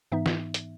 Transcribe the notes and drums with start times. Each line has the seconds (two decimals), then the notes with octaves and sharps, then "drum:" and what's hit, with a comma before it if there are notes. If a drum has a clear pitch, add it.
0.12 G#2 E3 B3 D#4 E5
0.26 drum: snare
0.54 drum: hi-hat